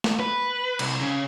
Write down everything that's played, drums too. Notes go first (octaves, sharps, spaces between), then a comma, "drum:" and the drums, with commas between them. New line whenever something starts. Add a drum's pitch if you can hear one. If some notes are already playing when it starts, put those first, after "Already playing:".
drum: snare
B4
C2, drum: cymbal
C#3